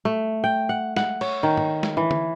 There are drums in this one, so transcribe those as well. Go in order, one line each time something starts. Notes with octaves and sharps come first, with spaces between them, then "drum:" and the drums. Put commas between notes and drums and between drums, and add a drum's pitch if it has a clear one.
A3
G5
F#5
F#5, drum: snare
C#5, drum: cymbal
D#3
drum: tom
drum: snare
E3
drum: tom